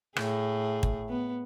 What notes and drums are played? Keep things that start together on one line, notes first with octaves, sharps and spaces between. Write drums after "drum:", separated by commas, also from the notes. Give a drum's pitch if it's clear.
A2 G#4, drum: rim click
drum: kick
B3